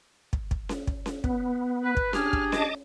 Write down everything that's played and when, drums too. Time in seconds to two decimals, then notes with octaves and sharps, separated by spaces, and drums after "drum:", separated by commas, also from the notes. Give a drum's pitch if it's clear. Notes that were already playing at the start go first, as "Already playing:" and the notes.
0.33 drum: kick
0.51 drum: kick
0.69 drum: snare C#4
0.87 drum: kick
1.06 drum: snare C#4
1.24 B3, drum: kick
1.83 B4
1.97 drum: kick
2.13 D4 G4 G#4 F6, drum: snare C#4
2.33 drum: kick
2.52 D#5 A5 D6, drum: snare C#4